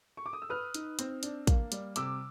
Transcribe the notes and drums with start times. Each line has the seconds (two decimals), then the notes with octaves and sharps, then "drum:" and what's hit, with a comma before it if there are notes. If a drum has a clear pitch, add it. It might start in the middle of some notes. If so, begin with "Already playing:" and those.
0.17 C#6
0.26 D6
0.33 D#6
0.42 E6
0.49 B4 D#6 F6
0.74 D#4, drum: hi-hat
0.99 C4, drum: hi-hat
1.23 D4, drum: hi-hat
1.47 A#3, drum: kick, hi-hat
1.72 G3, drum: hi-hat
1.96 C3 D6 E6, drum: hi-hat